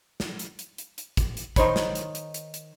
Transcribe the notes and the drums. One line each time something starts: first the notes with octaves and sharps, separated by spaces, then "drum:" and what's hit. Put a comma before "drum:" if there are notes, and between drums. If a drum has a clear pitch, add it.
drum: snare
drum: hi-hat
drum: hi-hat
drum: hi-hat
drum: hi-hat
drum: kick, hi-hat
drum: hi-hat
D#3 D#4 C5 C#5 B5, drum: kick, hi-hat
drum: snare
drum: hi-hat
drum: hi-hat
drum: hi-hat
drum: hi-hat